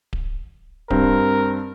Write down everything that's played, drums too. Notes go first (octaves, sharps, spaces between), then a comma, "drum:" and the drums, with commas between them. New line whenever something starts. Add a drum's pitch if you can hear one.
drum: kick D1
G2 C4 A#4, drum: kick D1